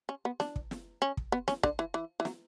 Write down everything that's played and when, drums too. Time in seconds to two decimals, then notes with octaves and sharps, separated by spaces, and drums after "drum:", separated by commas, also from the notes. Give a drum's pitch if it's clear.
0.09 C#4
0.25 B3
0.40 D4, drum: snare
0.56 drum: kick
0.71 drum: snare
1.02 C#4
1.17 drum: kick
1.32 B3
1.48 C#4, drum: snare
1.63 D3, drum: kick
1.79 E3
1.94 E3
2.20 E3
2.25 F#3, drum: snare